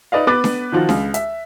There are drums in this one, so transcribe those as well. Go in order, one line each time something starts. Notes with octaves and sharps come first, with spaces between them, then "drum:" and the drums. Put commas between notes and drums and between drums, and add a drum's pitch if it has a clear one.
D#4 B4 D5 D#5 F5
B3 B4 D6 F#6 A6
drum: snare D4
D#3 F3 F4 F#4
C#2, drum: snare D4
E5, drum: hi-hat